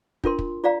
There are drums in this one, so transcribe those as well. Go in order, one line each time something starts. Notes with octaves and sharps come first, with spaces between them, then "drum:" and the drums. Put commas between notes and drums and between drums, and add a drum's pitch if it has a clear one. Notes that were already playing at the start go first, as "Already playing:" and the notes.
D4 F4 A#4 C6, drum: kick
drum: kick
F4 D5 F5 A#5